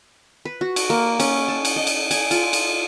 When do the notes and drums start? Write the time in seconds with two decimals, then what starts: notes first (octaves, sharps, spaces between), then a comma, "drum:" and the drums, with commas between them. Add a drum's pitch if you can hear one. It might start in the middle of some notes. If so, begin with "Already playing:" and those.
0.45 B4
0.61 F#4
0.76 drum: cymbal
0.90 A#3
1.20 C#4, drum: cymbal
1.48 A5
1.65 drum: cymbal
1.76 D#5
1.87 drum: cymbal
2.11 G#5, drum: cymbal
2.31 F4, drum: cymbal
2.53 drum: cymbal